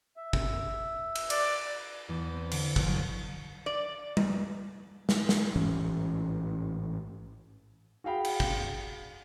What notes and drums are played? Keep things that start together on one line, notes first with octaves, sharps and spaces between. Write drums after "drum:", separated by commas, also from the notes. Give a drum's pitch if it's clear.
E5
drum: kick
drum: cymbal
D5, drum: cymbal
E2
C4
D3, drum: cymbal
F3, drum: kick
F#3
D5
drum: tom G3
drum: snare
drum: snare
A1 G#2 E3 C#4
F#4 G#4 F5 G5 B5
drum: cymbal
drum: kick